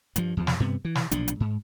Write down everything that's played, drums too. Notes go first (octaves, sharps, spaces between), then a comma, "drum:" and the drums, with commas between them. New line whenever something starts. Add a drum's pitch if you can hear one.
G2 F3, drum: hi-hat
E2 F3
drum: snare
G2 C3 B3
E3
drum: snare
B1 A#2 F3 D4, drum: hi-hat
drum: hi-hat
G#2